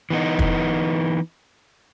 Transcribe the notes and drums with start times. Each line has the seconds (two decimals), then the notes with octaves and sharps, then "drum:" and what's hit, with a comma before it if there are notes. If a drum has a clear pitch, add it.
0.10 E3 B3 D#4
0.39 drum: kick